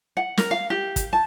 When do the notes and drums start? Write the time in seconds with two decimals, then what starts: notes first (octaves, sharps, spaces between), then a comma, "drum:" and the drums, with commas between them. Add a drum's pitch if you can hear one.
0.17 F#5
0.37 A#4, drum: snare
0.51 F5
0.70 G4
0.96 drum: kick, hi-hat
1.13 A5